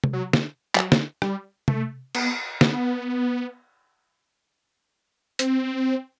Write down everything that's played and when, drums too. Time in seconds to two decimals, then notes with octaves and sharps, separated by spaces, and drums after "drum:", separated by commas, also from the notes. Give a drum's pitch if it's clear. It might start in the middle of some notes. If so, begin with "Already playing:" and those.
0.04 drum: tom C3
0.13 F#3
0.33 drum: snare
0.75 F#3, drum: clap
0.92 drum: snare
1.22 G3, drum: rim click
1.68 A3, drum: tom C3
2.15 B3, drum: cymbal
2.61 B3, drum: snare
5.39 C4, drum: hi-hat